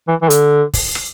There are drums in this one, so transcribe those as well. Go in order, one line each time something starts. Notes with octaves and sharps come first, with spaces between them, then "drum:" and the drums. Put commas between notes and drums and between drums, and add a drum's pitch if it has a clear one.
E3
E3
D3, drum: hi-hat
drum: kick, open hi-hat
drum: rim click